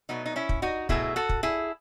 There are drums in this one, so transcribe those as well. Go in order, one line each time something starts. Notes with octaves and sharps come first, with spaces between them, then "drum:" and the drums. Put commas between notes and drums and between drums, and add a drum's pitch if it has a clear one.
B2 F#3 A3 B3 D#4
D#4
C#4 E4
drum: kick
D#4 F#4
B2 F#3 A3 E4 G#4, drum: kick
F#4 A4
drum: kick
E4 G#4